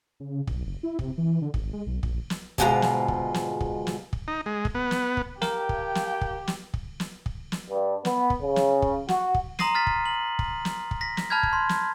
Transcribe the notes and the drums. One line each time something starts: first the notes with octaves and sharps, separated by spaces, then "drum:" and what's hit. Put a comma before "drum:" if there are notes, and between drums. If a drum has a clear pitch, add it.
C#3
B1, drum: kick
F#1
E4
C3, drum: kick
E3
D3
G#1, drum: kick
G#3
B1
A#1, drum: kick
drum: snare
D2 G#2 B2 G#3 F4 A#5, drum: kick
drum: snare
drum: kick
drum: snare
drum: kick
drum: snare
drum: kick
D#4
G#3
drum: kick
B3
drum: snare
drum: kick
G4 A#4 G5, drum: snare
drum: kick
drum: snare
drum: kick
drum: snare
drum: kick
drum: snare
drum: kick
drum: snare
G2
B3, drum: snare
drum: kick
C#3
drum: snare
drum: kick
F#4, drum: snare
drum: kick
A#5 C6 D#6 A#6 C7 D#7, drum: snare
F6 A6 B6
drum: kick
F#7
drum: kick
drum: snare
drum: kick
A#6 B6
drum: snare
A5 B5 F6 G6 G#6
drum: kick
C6
drum: snare